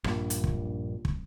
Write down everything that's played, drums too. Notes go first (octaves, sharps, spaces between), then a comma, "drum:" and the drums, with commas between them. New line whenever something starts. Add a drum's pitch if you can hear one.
A#1 G2 A#2, drum: rim click
drum: hi-hat
drum: kick
drum: kick